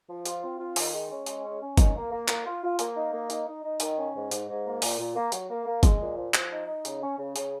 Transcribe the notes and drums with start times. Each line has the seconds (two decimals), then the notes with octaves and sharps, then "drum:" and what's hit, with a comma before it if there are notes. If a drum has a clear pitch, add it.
0.09 F3
0.26 F4, drum: hi-hat
0.43 C4
0.59 F4
0.76 D#3, drum: open hi-hat
0.93 G#3
1.09 C#4
1.26 G#3, drum: hi-hat
1.44 C#4
1.61 C#4
1.78 D#3, drum: kick, hi-hat
1.95 A#3
2.12 A#3
2.28 A#3, drum: clap
2.45 F4
2.63 F4
2.79 A#3, drum: hi-hat
2.96 D#4
3.12 A#3
3.30 D#4, drum: hi-hat
3.47 D#4
3.63 D#4
3.80 D#3, drum: hi-hat
3.98 C#4
4.14 G#2
4.31 G#2, drum: hi-hat
4.48 G#2
4.65 A#3
4.82 A#2, drum: open hi-hat
4.98 A#2
5.16 A#3
5.32 F#3, drum: hi-hat
5.49 A#3
5.65 A#3
5.83 G#3, drum: kick, hi-hat
6.00 A#2
6.17 F3
6.34 F3, drum: clap
6.51 D#4
6.67 D#4
6.85 C#3, drum: hi-hat
7.02 C#4
7.18 C#3
7.36 C#3, drum: hi-hat